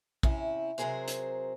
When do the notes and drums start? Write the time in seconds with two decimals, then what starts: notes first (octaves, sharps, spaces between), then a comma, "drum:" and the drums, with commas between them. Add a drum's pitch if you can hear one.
0.23 C3 C#4 E4, drum: kick
0.78 C3 F#3 C4 G#4 A#4 C5
1.08 drum: hi-hat